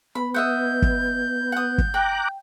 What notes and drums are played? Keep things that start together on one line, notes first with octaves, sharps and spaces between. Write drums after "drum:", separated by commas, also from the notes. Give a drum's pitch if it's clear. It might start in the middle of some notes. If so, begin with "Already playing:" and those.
B3 B5
D#5 E5 F#5 G6
drum: kick
F#5 D#6
drum: kick
G5 A#5 D6 F#6